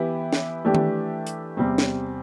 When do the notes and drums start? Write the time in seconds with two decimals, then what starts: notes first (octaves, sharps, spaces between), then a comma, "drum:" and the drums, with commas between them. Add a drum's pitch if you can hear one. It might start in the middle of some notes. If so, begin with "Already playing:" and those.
Already playing: E3 B3 E4 G4
0.33 drum: snare
0.65 E3 A3 D4 G4
0.75 drum: tom D#3
1.27 drum: hi-hat
1.57 E2 C3 G3 C4
1.78 drum: snare